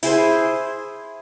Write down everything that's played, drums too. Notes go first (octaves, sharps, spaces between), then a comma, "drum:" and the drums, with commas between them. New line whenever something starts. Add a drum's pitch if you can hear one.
E4 G#4 C5, drum: open hi-hat